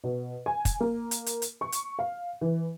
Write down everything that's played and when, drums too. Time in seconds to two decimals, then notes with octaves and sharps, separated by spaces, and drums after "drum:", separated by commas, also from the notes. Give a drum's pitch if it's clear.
0.04 B2
0.46 G#5
0.65 drum: kick, hi-hat
0.80 A#3
1.11 drum: hi-hat
1.26 drum: hi-hat
1.42 drum: hi-hat
1.61 C#6
1.72 drum: hi-hat
1.99 F5
2.41 E3